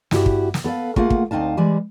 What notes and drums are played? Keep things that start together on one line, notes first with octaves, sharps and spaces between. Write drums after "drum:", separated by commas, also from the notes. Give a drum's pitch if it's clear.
G2 E4 F#4 G4, drum: snare
drum: kick
drum: snare
B3 A4 B4 F5
A3 A#3 F4 G#4 F5 F#5, drum: kick
drum: kick
D2 C4 D#4 F5 A5
E3 G3 G#3